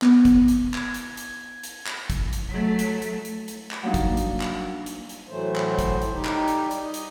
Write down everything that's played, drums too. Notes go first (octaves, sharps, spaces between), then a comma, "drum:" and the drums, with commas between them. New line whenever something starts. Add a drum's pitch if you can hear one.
B3, drum: clap
drum: kick, hi-hat
drum: hi-hat
G#6, drum: clap
drum: hi-hat
drum: hi-hat
drum: hi-hat
drum: clap
drum: kick, hi-hat
drum: hi-hat
F#3 A3
drum: hi-hat
drum: hi-hat
drum: hi-hat
drum: hi-hat
drum: clap
F#3 G3 A#3 D4 D#4
drum: kick, hi-hat
drum: hi-hat
drum: clap
drum: hi-hat
drum: hi-hat
A2 E3 F#3 A3 C5
drum: clap
drum: kick, hi-hat
drum: hi-hat
G3 D#4 G4
drum: clap
drum: hi-hat
drum: hi-hat
D#5
drum: hi-hat